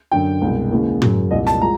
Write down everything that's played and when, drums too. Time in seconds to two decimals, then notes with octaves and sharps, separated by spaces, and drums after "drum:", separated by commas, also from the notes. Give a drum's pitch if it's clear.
0.11 F#2 D3 F#3 G5
0.41 C2 B2 G#3
0.71 D#2 C#3 E3 G#3
1.02 F#2 C#3 F#3, drum: tom
1.31 C2 A#2 G3 D#5
1.47 A5, drum: snare
1.62 F3 G#3 A#5